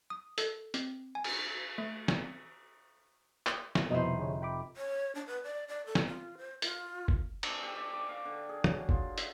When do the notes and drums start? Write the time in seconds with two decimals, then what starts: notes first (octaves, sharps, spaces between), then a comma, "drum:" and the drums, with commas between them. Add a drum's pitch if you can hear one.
0.10 D#6
0.38 A4, drum: hi-hat
0.74 C4, drum: hi-hat
1.15 G#5
1.24 drum: cymbal
1.78 A3
2.08 drum: snare
3.46 drum: clap
3.75 drum: snare
3.90 F1 B2 F3 D#4 E4 C5
4.17 D3 G#4 C#5
4.42 G5 B5 D6
4.77 C#5
5.15 D4
5.27 B4
5.43 D5
5.68 D5
5.86 A4
5.95 drum: snare
6.07 F4
6.38 C5
6.62 F4, drum: hi-hat
7.08 drum: kick F#1
7.43 D4, drum: cymbal
7.63 G4
7.76 D5
7.93 D6
8.09 F5
8.25 D3
8.49 G#4
8.64 F#3, drum: tom
8.89 F4, drum: kick F#1
9.18 E5, drum: hi-hat